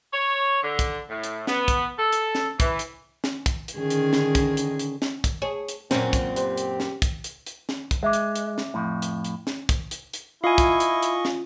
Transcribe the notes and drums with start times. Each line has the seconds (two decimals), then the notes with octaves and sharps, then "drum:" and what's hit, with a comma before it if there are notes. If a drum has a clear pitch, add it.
0.14 C#5
0.62 D3
0.79 drum: kick, hi-hat
1.09 A2
1.23 drum: hi-hat
1.47 B3, drum: snare
1.68 drum: kick, hi-hat
1.98 A4
2.12 drum: hi-hat
2.35 drum: snare
2.60 E3, drum: kick, hi-hat
2.79 drum: hi-hat
3.24 drum: snare
3.46 drum: kick, hi-hat
3.68 drum: hi-hat
3.78 D3 D#3 C#4 G#4
3.90 drum: hi-hat
4.13 drum: snare
4.35 drum: kick, hi-hat
4.57 drum: hi-hat
4.79 drum: hi-hat
5.02 drum: snare
5.24 drum: kick, hi-hat
5.42 G#4 C#5
5.68 drum: hi-hat
5.91 F#2 A#2 C4 C#4 A#4 F#5, drum: snare
6.13 drum: kick, hi-hat
6.36 G4 B4 C5, drum: hi-hat
6.57 drum: hi-hat
6.80 drum: snare
7.02 drum: kick, hi-hat
7.24 drum: hi-hat
7.46 drum: hi-hat
7.69 drum: snare
7.91 drum: kick, hi-hat
8.03 G#3 E5 D6
8.13 drum: hi-hat
8.35 drum: hi-hat
8.58 drum: snare
8.74 F2 A2
9.02 drum: hi-hat
9.25 drum: hi-hat
9.47 drum: snare
9.69 drum: kick, hi-hat
9.91 drum: hi-hat
10.14 drum: hi-hat
10.44 E4 F4 D#5 F5 G#5 C#6
10.58 drum: kick, hi-hat
10.80 drum: hi-hat
11.03 drum: hi-hat
11.25 drum: snare